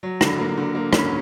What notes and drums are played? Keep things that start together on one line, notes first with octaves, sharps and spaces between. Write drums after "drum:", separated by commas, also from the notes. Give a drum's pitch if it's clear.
F#3
D3, drum: rim click
A#3
D3
A#3
C#4, drum: rim click